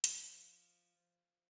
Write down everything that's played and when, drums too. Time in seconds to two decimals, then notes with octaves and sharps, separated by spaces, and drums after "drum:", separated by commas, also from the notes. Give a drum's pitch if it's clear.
0.04 F3, drum: hi-hat